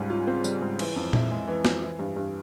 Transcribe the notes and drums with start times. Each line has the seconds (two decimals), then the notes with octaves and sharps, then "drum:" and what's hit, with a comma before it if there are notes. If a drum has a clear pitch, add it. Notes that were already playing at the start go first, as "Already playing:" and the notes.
Already playing: C#2 G#2 G3
0.10 F4
0.27 C4
0.44 G3, drum: tambourine
0.61 G#2
0.79 E3, drum: cymbal
0.96 F2
1.13 E4, drum: tom A#2
1.31 G#3
1.48 E3
1.65 F2, drum: snare
1.82 E3
1.99 G2
2.16 G2